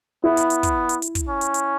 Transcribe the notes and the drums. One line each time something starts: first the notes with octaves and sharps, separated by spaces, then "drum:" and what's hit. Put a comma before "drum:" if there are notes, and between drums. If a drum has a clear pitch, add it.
B3 E4
drum: hi-hat
drum: hi-hat
drum: kick, hi-hat
drum: hi-hat
drum: hi-hat
drum: kick, hi-hat
C#4
drum: hi-hat
drum: hi-hat